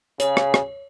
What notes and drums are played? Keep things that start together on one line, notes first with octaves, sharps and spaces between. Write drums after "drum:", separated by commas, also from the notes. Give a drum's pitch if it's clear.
C#3 C#5, drum: hi-hat
drum: rim click
drum: rim click